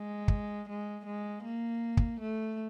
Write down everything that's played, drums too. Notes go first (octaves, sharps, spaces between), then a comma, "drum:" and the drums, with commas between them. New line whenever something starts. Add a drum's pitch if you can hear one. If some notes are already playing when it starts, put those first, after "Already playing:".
Already playing: G#3
drum: kick
G#3
G#3
A#3
drum: kick
A3